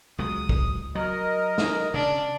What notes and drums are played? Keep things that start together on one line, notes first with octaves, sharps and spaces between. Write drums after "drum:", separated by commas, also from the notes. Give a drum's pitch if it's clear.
C#2 F#3 G#3 D#6
drum: kick
F#3 A#4 D#5
drum: snare
C#3 D4